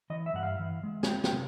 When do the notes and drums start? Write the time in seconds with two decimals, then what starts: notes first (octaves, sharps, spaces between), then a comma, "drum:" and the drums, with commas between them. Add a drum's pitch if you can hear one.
0.10 E3 D#5
0.26 E5
0.34 G2 F#5
0.43 F5
0.59 E3
0.83 G#3
1.03 G#5, drum: snare
1.07 G#3 G5
1.24 G5, drum: snare
1.33 C3